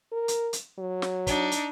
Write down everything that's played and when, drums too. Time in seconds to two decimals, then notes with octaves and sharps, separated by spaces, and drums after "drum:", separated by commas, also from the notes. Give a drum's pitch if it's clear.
0.12 A#4
0.28 drum: hi-hat
0.53 drum: hi-hat
0.78 F#3
1.02 drum: snare
1.27 D4 D#4, drum: kick, hi-hat
1.52 drum: hi-hat